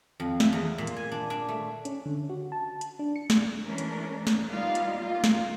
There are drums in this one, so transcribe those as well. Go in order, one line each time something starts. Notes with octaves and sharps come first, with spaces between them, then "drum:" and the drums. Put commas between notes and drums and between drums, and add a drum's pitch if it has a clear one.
F2
E5, drum: snare
E2
A#2
drum: hi-hat
G#5
D4
D4
A3
C#4, drum: hi-hat
D3
F#4
A5
drum: hi-hat
D4
C#7
drum: snare
E3 G#3 A3 C#4 D4 A#4
drum: hi-hat
drum: snare
G3 B3 D#4 F4 D5 F5
drum: hi-hat
A#3 F4
drum: snare